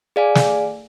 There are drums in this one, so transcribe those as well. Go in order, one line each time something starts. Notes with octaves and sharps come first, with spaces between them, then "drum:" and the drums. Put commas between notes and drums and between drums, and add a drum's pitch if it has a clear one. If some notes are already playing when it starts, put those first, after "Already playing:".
G#4 D5 F5 G#5
drum: snare